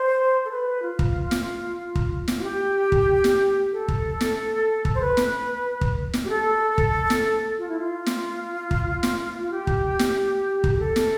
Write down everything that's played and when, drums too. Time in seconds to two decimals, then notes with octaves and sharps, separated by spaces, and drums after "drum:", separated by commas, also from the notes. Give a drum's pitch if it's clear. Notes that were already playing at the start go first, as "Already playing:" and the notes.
Already playing: C5
0.45 A4
0.51 B4
0.82 F4
0.99 drum: kick
1.31 drum: snare
1.95 drum: kick
2.28 drum: snare
2.39 F4
2.43 G4
2.92 drum: kick
3.24 drum: snare
3.72 A4
3.88 drum: kick
4.21 drum: snare
4.85 drum: kick
4.95 C5
5.01 B4
5.17 drum: snare
5.81 drum: kick
6.13 drum: snare
6.25 G4
6.30 A4
6.78 drum: kick
7.10 drum: snare
7.59 F4
7.69 E4
7.79 F4
8.06 drum: snare
8.71 drum: kick
9.03 drum: snare
9.42 F4
9.51 G4
9.67 drum: kick
9.99 drum: snare
10.64 drum: kick
10.74 G4
10.79 A4
10.96 drum: snare